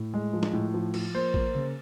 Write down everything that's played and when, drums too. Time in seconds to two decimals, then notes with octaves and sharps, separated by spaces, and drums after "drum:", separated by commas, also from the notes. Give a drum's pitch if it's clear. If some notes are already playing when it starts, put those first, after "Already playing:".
Already playing: A2
0.14 G#3
0.33 F3
0.43 drum: snare
0.53 A2
0.74 F3
0.94 F3, drum: cymbal
1.14 A#3 C5
1.34 A#3, drum: kick
1.55 C#3